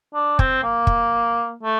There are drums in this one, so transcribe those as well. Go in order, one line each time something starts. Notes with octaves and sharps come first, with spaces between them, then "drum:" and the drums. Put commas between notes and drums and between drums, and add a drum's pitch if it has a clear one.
D4
C4, drum: kick
A#3
drum: kick
A3